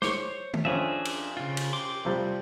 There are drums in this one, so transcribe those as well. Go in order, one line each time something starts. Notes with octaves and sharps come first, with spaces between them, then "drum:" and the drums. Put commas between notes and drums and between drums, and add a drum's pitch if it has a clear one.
C5 C#5 C#6 D6, drum: snare
drum: tom
F2 C#4 D4 G#4 E5
drum: cymbal
C#3 F4
drum: cymbal
G4 C6 D6
C3 F3 G3